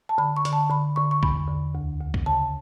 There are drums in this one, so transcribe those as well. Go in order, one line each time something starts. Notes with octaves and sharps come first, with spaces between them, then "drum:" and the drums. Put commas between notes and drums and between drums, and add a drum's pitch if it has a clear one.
A5
D3 B5
C#6
D3, drum: hi-hat
A5
D3 B5
D3 C#6
C#6
E2 B5, drum: kick A#1
D3
D2
D2
drum: kick A#1
C#3 A5